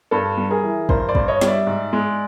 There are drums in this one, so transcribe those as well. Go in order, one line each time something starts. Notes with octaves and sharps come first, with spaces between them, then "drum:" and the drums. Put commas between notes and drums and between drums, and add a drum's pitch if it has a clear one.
G2 A4
G3
G#4 A#4
E3
G2 A#4 C5, drum: kick
C5 D5
G2, drum: kick
C#5 D#5
G3, drum: snare
D5 E5
G#2
G#3